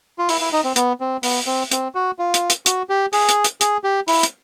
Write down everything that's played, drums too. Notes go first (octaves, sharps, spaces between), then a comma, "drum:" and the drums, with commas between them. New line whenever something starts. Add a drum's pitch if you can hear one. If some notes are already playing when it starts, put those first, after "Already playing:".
F4
E4, drum: open hi-hat
E4
D#4
C4
B3, drum: hi-hat
C4
B3, drum: open hi-hat
C4
C4, drum: hi-hat
F#4
F4
drum: hi-hat
drum: hi-hat
F#4, drum: hi-hat
G4
G#4, drum: open hi-hat
drum: hi-hat
drum: hi-hat
G#4, drum: hi-hat
G4
E4, drum: open hi-hat
drum: hi-hat